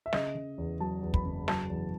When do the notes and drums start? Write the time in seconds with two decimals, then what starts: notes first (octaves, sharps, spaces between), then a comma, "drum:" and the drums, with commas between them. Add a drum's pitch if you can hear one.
0.06 E5
0.13 C#3 D#5, drum: snare
0.35 C#3
0.58 E2
0.80 F#3 A5
1.03 E2
1.14 B5, drum: kick
1.25 F#1
1.48 F#3 A5, drum: snare
1.70 E2